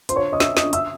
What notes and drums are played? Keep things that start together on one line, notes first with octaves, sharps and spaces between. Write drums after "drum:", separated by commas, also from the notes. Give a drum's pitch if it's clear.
C5 C6, drum: hi-hat
C#5 C#6
D#5 D#6
E5 E6, drum: snare
D#5 D#6, drum: snare
E5 E6, drum: hi-hat